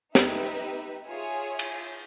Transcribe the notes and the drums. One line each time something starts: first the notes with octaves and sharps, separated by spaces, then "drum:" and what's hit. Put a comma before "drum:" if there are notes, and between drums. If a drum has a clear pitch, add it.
D#4 G4 B4 E5, drum: snare
F4 G#4 C#5 E5 G#5
drum: cymbal